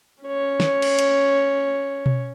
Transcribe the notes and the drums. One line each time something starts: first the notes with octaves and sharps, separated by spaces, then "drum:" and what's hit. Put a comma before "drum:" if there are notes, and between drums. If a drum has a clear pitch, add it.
C#4 C#5
drum: snare
drum: cymbal
drum: hi-hat
drum: tom B2